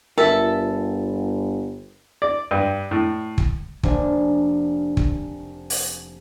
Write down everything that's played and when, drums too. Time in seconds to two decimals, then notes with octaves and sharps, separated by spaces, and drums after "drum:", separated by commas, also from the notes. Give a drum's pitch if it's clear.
0.18 G1 F4 A4 A#4 E5
2.22 D5
2.51 G2
2.91 A2
3.38 drum: kick
3.83 F1 A#3 D4 C5 G#5, drum: kick
4.97 drum: kick
5.70 drum: open hi-hat